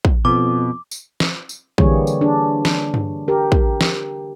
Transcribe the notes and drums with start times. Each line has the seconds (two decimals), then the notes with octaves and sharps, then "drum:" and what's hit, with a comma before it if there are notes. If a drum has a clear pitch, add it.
0.05 drum: kick
0.25 F2 B2 D6
0.91 drum: tambourine
1.20 drum: snare
1.49 drum: tambourine
1.78 D3 E3 G3 A#3 G#4 C#5, drum: kick
2.07 drum: tambourine
2.21 D4 G#4
2.65 drum: snare
2.94 drum: tom G2
3.28 G4 A#4
3.52 drum: kick
3.81 drum: snare